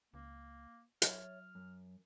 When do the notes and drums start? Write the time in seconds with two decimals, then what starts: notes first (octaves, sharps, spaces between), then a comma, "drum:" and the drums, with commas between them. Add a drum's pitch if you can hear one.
0.14 C#2 A#3
1.02 F#3 C#5 E5 F6, drum: hi-hat
1.55 F#2